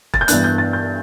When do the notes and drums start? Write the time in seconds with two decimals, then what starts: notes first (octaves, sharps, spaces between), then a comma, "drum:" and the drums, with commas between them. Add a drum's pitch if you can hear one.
0.14 A6, drum: kick
0.21 G6
0.28 G2 E3 B3 D4 F#6, drum: hi-hat
0.44 G6
0.58 A6
0.73 G6